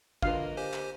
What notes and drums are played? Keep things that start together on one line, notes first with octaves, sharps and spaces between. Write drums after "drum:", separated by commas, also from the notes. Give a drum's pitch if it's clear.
D3 A#3 F4 B4 D#5 F5, drum: kick
G4 C5 G#5
drum: clap